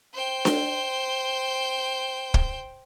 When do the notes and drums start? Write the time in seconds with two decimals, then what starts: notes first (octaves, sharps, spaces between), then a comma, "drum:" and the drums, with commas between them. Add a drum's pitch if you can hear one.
0.14 C5 G5
0.45 drum: snare D4
2.34 drum: kick